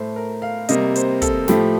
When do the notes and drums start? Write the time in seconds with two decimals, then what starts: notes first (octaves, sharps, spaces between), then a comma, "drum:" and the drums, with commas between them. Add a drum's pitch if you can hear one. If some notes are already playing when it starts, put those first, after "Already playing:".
Already playing: A2 A3 C5
0.16 A#4
0.42 F5
0.69 C3 G3 A#3 D#5, drum: hi-hat
0.96 C5, drum: hi-hat
1.22 A4, drum: kick, hi-hat
1.48 A2 F3 A3 G4, drum: snare